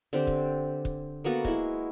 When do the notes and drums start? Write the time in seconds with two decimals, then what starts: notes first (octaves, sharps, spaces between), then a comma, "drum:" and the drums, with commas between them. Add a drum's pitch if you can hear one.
0.13 D3 C4 G4
0.27 drum: kick
0.85 drum: kick
1.24 A#3 B3 F#4 A4
1.45 G#3 E4, drum: kick